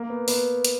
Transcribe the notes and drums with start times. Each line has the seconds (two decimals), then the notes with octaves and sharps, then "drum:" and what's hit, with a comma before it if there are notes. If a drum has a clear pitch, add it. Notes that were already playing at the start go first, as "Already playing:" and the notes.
Already playing: A#3
0.10 B3
0.28 B3, drum: open hi-hat
0.65 drum: hi-hat